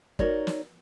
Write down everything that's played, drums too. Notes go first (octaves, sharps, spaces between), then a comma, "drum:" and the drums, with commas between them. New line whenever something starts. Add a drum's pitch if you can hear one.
D#4 F#4 A#4 C#5 D5, drum: kick
drum: snare